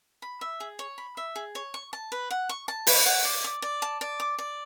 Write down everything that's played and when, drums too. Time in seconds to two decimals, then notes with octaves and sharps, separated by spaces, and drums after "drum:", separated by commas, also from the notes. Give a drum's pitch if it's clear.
0.22 B5
0.41 E5
0.60 G#4
0.79 C#5
0.98 B5
1.17 E5
1.36 G#4
1.55 C#5
1.74 C#6
1.93 A5
2.12 B4
2.31 F#5
2.49 C#6
2.68 A5
2.87 B4, drum: open hi-hat
3.06 F#5
3.25 D5
3.44 D6
3.62 D5
3.82 A5
4.01 D5
4.20 D6
4.39 D5